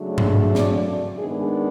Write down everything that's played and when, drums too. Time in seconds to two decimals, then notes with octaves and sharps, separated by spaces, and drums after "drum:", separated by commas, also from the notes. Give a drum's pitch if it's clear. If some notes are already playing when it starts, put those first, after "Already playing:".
Already playing: C#3 F#3 A3 D4
0.18 drum: tom G2
0.55 D5, drum: snare
1.18 D#3 G#3 B3 D4 G#4